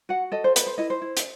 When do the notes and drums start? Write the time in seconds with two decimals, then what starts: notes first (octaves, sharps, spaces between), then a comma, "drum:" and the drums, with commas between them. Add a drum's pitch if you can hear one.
0.09 F#4 F#5
0.32 A4 D#5
0.44 C5
0.56 B4, drum: hi-hat
0.67 C5
0.78 E4 D#5
0.90 C5
1.02 E4
1.17 drum: hi-hat